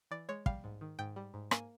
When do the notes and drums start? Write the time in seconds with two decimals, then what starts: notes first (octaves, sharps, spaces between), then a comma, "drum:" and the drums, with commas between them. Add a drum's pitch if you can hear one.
0.11 E3 D5
0.29 G#3 C#5
0.46 G3 F5, drum: kick
0.64 G#2
0.81 D#3
0.99 G#2 G5
1.16 G3
1.34 G#2
1.51 A#3 G#5, drum: rim click